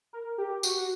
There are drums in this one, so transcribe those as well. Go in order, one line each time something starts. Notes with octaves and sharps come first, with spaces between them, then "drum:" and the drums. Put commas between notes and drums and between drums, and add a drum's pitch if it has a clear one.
A#4
G4
F#4, drum: tambourine